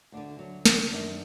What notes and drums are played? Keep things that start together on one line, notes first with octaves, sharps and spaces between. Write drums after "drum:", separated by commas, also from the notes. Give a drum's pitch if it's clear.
D2 D3 D4
F#3
A#3, drum: snare
F#2 D#3 D4